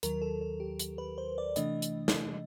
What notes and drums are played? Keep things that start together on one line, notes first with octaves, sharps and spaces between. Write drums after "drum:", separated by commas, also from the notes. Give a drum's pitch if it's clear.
D#2 D#3 F#3 A#4, drum: hi-hat
A4
A4
G4
drum: hi-hat
B4
C5
D5
C3 E3 A3 D4 D#5, drum: hi-hat
drum: hi-hat
drum: snare